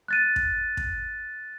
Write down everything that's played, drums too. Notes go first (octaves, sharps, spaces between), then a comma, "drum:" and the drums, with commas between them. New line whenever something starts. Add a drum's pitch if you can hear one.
F#6 A6 D#7
drum: kick
drum: kick